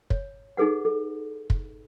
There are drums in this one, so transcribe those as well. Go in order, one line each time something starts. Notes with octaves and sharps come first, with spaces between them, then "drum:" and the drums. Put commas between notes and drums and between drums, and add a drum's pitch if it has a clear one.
C#5, drum: kick
D#4 G#4 A4 B4 F#5
A4
drum: kick